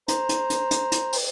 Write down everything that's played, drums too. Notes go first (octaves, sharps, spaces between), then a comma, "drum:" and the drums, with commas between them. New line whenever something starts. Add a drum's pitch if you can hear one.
C5 A#5, drum: hi-hat
drum: hi-hat
drum: hi-hat
drum: hi-hat
drum: hi-hat
drum: open hi-hat